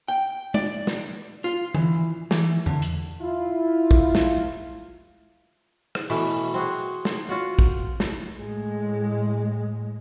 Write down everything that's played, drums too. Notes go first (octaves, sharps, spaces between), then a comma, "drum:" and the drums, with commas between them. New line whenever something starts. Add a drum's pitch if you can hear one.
G5
D5, drum: tom G#3
drum: snare
F4
E3, drum: tom D3
E3, drum: snare
D3, drum: tom E2
drum: hi-hat
E4 F4
drum: kick
drum: snare
drum: rim click
B2 E3 A3, drum: open hi-hat
C4 F#4 G#4
drum: snare
F4 F#4 F#5
drum: kick
drum: snare
A2 G#3